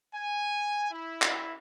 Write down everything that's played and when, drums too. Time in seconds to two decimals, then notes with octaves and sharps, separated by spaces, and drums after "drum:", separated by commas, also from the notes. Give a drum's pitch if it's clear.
0.14 G#5
0.91 E4
1.22 drum: clap